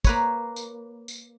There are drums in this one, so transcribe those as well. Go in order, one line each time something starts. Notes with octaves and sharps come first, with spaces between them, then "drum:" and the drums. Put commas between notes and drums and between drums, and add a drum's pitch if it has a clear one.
A#3 B4 C#5, drum: kick, tambourine
drum: tambourine
drum: tambourine